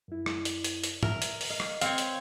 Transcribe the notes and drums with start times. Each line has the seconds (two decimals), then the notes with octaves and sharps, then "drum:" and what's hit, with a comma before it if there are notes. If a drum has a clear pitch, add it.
0.08 F#2 E4
0.26 drum: rim click
0.45 drum: hi-hat
0.64 drum: hi-hat
0.84 drum: hi-hat
1.03 A#4 E5, drum: tom
1.22 drum: hi-hat
1.41 drum: open hi-hat
1.50 D#5 F5
1.60 drum: rim click
1.81 C4 C#5 F5, drum: hi-hat
1.98 drum: hi-hat